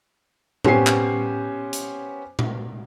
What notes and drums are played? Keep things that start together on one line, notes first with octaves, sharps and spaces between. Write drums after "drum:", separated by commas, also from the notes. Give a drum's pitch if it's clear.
B3 C#4 G4 C5 G#5 C7, drum: tom A2
drum: clap
drum: hi-hat
drum: tom A#2